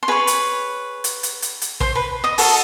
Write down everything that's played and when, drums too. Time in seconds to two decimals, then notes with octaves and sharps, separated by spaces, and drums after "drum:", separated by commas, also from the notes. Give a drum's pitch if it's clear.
0.03 C6
0.08 G#4 B4 C#5 B5
0.27 drum: hi-hat
1.04 drum: hi-hat
1.23 drum: hi-hat
1.42 drum: hi-hat
1.62 drum: hi-hat
1.80 C5 C6, drum: kick
1.95 B4 B5
2.24 D#5 D#6
2.38 F#4 A4 A#4 D#5 A5, drum: open hi-hat